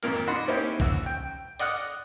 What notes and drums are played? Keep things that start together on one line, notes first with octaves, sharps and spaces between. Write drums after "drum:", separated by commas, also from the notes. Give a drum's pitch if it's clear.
G#1 F2 A#2 A#3 A#4 F6, drum: hi-hat
D4 D#4 F#4 F#5 B5 C6
A#3 C4 C#4 D#4 E4 G4
A1 F#4 E6, drum: kick
G5
D5 D#5 F#5 F6 F#6, drum: open hi-hat